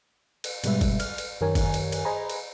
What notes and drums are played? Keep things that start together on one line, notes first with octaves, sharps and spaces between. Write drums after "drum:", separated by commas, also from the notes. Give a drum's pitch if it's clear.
drum: cymbal
G#2 B2 G3 G#3 B4 E5, drum: cymbal
drum: kick, cymbal
F6, drum: cymbal
drum: cymbal
F#2 D#3 G4 A#4 C#5 G#5
drum: kick, cymbal
drum: cymbal
drum: cymbal
G#4 C5 D#5 G#5 A#5 B5
drum: cymbal